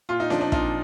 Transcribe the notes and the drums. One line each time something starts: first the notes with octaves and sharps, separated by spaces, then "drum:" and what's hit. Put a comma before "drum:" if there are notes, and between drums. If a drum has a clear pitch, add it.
A#2 F4
D#4
F3 D4, drum: snare C#4
D4
A#2 D#4, drum: kick